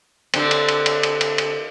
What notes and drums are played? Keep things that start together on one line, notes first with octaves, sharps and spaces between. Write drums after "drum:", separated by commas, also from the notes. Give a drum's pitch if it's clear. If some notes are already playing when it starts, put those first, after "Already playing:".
D3 C4, drum: cymbal
drum: cymbal
drum: cymbal
drum: cymbal
drum: cymbal
drum: cymbal
drum: cymbal